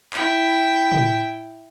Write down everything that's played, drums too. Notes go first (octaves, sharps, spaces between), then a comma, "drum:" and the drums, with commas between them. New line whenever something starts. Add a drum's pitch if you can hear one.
E4 G5, drum: clap
drum: tom